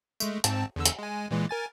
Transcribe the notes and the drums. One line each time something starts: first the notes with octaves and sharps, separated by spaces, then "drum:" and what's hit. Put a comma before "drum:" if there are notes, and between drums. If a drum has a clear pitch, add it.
G#3 A3, drum: tambourine
G#2 C4 A5, drum: hi-hat
E2 D3 E6
drum: hi-hat
G#3 G#5
A#2 E3 G#3
A#4 G#5 A6